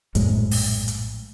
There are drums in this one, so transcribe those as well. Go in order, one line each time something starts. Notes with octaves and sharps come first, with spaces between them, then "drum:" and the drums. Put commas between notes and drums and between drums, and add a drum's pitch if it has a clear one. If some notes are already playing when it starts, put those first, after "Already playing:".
A#1 F#2 A2 G#3, drum: hi-hat
drum: open hi-hat
drum: hi-hat